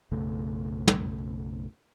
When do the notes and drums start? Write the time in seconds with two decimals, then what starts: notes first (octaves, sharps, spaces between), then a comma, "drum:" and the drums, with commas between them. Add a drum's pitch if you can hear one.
0.11 B1 F#2 C#3 A3
0.88 drum: tom